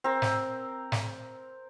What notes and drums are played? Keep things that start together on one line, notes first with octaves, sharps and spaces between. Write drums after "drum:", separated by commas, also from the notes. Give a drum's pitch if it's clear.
C4 A#4
drum: snare
drum: snare